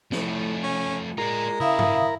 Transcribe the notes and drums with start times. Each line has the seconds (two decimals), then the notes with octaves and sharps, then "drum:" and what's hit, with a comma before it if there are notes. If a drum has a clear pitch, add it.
0.12 A2 F3 A3, drum: snare
0.63 C#4
1.18 G#3 F4 A#4 D5 A#5
1.60 C#3 E4 E5 F5 D#6
1.79 drum: tom G2